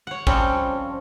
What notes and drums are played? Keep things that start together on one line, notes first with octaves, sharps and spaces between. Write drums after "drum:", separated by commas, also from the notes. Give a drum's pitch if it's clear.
C#5 F#5
F3 G3 C4 C#4 A4, drum: kick